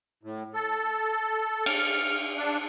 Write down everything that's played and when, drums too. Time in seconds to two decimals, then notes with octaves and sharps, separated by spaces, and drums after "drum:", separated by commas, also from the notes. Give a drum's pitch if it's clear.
0.23 A2
0.54 A4
1.66 F6, drum: cymbal
2.37 D4